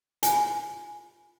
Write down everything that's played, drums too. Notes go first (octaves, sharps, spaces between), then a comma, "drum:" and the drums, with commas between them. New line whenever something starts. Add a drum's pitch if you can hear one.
F4 G#5, drum: hi-hat